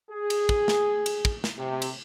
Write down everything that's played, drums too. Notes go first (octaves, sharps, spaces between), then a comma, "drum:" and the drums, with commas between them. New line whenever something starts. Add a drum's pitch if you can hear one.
G#4
drum: cymbal
drum: kick
drum: snare
drum: cymbal
drum: kick
drum: snare
C3
drum: cymbal